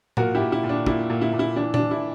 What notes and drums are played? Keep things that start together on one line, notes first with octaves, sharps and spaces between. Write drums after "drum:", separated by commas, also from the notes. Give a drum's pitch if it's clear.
A#2 F#4 A#4, drum: tom A2
E4 G4
A#2
E4
A#2
D4
A#2 E4, drum: kick
A#2
E4
A#2
E4
E3 D4
D4, drum: tom A#2
E3
E4